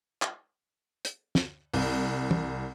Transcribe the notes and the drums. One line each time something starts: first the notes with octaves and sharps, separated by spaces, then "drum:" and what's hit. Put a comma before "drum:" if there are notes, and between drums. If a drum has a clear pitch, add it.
drum: clap
drum: hi-hat
drum: snare
C2, drum: open hi-hat
drum: tom